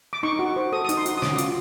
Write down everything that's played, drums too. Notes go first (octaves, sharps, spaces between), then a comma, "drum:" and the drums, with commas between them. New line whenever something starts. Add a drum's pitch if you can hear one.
D6
D#4 C#6
F#4
C5
A4 D#6
D#6
D#4, drum: hi-hat
C6
F#4, drum: hi-hat
D#6
C#4 D6, drum: snare
F4, drum: hi-hat